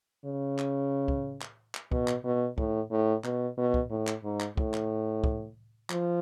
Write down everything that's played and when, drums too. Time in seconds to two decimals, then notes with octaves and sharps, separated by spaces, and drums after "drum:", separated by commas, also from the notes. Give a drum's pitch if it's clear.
0.25 C#3
0.58 drum: clap
1.08 drum: kick
1.41 drum: clap
1.75 drum: clap
1.92 B2, drum: kick
2.08 drum: clap
2.24 B2
2.58 A2, drum: kick
2.91 A2
3.24 B2, drum: clap
3.58 B2
3.74 drum: kick
3.91 A2
4.07 drum: clap
4.24 G#2
4.41 drum: clap
4.57 A2, drum: kick
4.74 drum: clap
5.24 drum: kick
5.90 F3, drum: clap